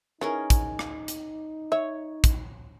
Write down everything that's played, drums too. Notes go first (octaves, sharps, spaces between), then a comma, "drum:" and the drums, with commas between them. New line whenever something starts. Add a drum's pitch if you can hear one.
E3 C#4 D#4 G#4 A#4
drum: kick, hi-hat
drum: rim click
drum: hi-hat
C#5 E5
drum: kick, hi-hat